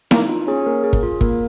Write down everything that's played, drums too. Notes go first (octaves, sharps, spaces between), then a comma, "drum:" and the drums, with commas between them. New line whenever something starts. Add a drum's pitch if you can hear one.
A#3 D#4, drum: snare E4
F4
C#4 G#4
A#3 A#4
G#4
drum: kick
F4
A#3 A#4, drum: kick